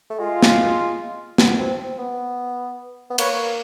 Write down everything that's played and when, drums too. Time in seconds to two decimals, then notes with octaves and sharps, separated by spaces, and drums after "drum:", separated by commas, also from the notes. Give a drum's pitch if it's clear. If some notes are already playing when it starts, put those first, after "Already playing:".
0.10 A3
0.19 G#3 F4
0.42 drum: snare
1.38 B3, drum: snare
1.58 C4
1.79 C4
1.98 B3
3.10 B3
3.18 A#3 B4 C#5, drum: cymbal